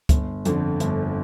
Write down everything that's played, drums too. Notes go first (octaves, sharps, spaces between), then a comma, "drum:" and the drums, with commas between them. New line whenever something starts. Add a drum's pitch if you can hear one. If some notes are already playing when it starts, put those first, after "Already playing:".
G1, drum: kick C#2, hi-hat
F2 D3, drum: hi-hat
G1, drum: hi-hat